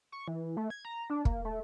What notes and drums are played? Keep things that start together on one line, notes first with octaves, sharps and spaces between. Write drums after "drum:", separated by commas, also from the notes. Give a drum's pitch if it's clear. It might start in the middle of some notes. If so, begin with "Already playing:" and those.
C#6
E3
A3
G#6
A#5
D4
A#3, drum: kick
A3